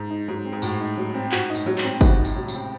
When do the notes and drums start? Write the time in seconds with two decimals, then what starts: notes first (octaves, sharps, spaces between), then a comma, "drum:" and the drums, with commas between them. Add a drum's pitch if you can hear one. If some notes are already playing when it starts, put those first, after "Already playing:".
Already playing: G#2
0.10 D#4
0.28 G#2 F#3
0.45 C4
0.52 G#2
0.62 A2 F#4, drum: tambourine
0.80 D#4
0.97 F#3
1.14 C4
1.32 G#2 F#4, drum: clap
1.50 D#4
1.55 A2, drum: tambourine
1.66 F#3
1.78 G#2, drum: clap
1.84 C4
2.01 C3 F#4, drum: kick, tambourine
2.18 D#4
2.25 A2, drum: tambourine
2.36 F#3
2.48 C#3, drum: tambourine
2.54 C4